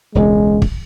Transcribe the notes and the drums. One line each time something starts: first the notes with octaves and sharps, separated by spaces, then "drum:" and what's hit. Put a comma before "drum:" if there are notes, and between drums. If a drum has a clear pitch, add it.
E1 C#2 G#3
drum: kick